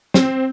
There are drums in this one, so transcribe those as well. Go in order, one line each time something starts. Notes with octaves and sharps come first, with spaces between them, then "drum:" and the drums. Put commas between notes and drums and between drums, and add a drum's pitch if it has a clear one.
C4, drum: snare